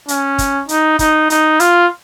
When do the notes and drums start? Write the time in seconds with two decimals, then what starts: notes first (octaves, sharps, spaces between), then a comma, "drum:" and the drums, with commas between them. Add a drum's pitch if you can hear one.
0.08 C#4, drum: hi-hat
0.38 drum: kick, hi-hat
0.69 D#4, drum: hi-hat
0.99 D#4, drum: kick, hi-hat
1.30 D#4, drum: hi-hat
1.60 F4, drum: hi-hat